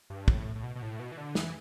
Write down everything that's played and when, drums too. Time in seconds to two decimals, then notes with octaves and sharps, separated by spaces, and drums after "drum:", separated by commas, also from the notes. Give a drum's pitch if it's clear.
0.10 G2
0.28 A2, drum: kick
0.56 A2
0.63 B2
0.76 B2
0.82 A2
0.99 B2
1.12 E3
1.17 D3
1.35 E3, drum: snare